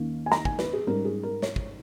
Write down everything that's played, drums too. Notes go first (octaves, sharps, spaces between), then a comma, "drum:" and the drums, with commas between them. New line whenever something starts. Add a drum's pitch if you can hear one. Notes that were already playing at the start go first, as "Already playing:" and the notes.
Already playing: D#2 D#3 A#3 C#4
G#5
A#5, drum: snare
G#5, drum: kick
B4, drum: snare
G#4
G#2 G3 C#4 A#4
G#4
A#4
C#5, drum: snare
drum: kick